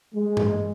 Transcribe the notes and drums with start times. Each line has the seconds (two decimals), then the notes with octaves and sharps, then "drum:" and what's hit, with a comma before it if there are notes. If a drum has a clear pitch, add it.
0.15 G#3
0.37 drum: tom G2